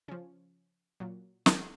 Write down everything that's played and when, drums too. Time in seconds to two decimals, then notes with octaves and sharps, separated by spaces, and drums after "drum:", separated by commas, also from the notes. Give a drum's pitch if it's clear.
0.08 C#3 F3 C#4
1.00 A#2 F#3
1.46 C#4 D#4, drum: snare